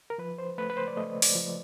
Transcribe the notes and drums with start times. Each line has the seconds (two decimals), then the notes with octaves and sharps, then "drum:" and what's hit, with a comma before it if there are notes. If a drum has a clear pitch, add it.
0.10 A#4
0.18 F3 B4
0.38 C5
0.58 A3 B4
0.70 B4
0.77 C5
0.88 D5
0.97 A3 D#5
1.22 D5, drum: open hi-hat
1.35 F3